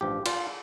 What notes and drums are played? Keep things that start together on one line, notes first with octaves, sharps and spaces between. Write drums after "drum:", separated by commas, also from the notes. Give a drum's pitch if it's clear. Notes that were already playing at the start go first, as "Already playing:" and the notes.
A1 G2 F3 G4
F4, drum: cymbal